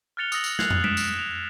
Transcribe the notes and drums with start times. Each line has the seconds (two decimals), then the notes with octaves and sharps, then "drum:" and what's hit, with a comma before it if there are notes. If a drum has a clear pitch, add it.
0.17 F6 F#6 A6 C#7 F7 G7
0.32 D#6 E6 A#6 F#7, drum: tambourine
0.44 drum: tambourine
0.59 F#6 G#6 C7 F7 F#7, drum: snare
0.70 drum: tom
0.84 B6 D7 E7, drum: tom G#3
0.97 drum: tambourine
1.19 F7